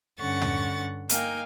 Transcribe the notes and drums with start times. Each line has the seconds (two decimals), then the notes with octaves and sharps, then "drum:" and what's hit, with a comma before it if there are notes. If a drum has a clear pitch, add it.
0.18 G2 D3 C#4 F#5 C#6 A6
0.42 drum: tom
1.09 A#3 D#4 F5 G5 G#5, drum: hi-hat